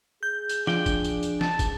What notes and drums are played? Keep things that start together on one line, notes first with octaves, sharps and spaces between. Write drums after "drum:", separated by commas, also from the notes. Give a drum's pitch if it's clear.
G#4 G6
drum: tambourine
F3 D4 G5, drum: snare
drum: kick, tambourine
drum: tambourine
drum: tambourine
A5, drum: snare
drum: kick, tambourine